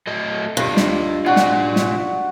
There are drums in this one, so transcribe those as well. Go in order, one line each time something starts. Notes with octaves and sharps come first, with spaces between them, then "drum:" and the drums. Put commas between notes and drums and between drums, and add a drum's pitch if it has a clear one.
A3 F#4 D#5
G2 F4 D#5
drum: snare
F4 F#4 D5
drum: snare
drum: snare